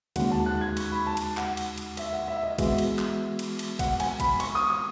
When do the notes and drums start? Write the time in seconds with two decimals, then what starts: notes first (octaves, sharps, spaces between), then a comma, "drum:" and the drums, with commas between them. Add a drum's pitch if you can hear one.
0.16 D#2 C#3 G#3 D#4 F#4 F#5, drum: cymbal
0.31 A5
0.46 F#6
0.61 G#6
0.77 C#6, drum: cymbal
0.92 B5
1.07 A5
1.17 drum: cymbal
1.37 F#5, drum: clap
1.57 drum: cymbal
1.77 drum: cymbal
1.97 E5, drum: cymbal
2.13 F#5
2.28 E5
2.43 D#5
2.58 E3 G#3 B3 F#4 E5, drum: kick, cymbal
2.78 drum: cymbal
2.99 drum: clap
3.39 drum: cymbal
3.59 drum: cymbal
3.79 F#5, drum: kick, cymbal
4.00 G#5, drum: cymbal
4.20 B5, drum: kick, cymbal
4.40 C#6, drum: cymbal
4.55 D#6
4.70 D#6